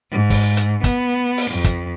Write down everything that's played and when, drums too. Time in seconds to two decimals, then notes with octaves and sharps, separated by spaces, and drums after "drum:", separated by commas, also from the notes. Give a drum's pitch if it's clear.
0.11 G#2
0.30 drum: kick, open hi-hat
0.57 drum: hi-hat
0.84 B3, drum: kick, hi-hat
1.37 drum: open hi-hat
1.51 F2
1.64 drum: kick, hi-hat